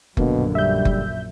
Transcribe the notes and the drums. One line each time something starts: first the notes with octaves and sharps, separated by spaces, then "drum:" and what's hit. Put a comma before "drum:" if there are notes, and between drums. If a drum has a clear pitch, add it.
A#1 F#2 B2 D3 A#3, drum: kick F#1
G3 E5 G6
drum: kick F#1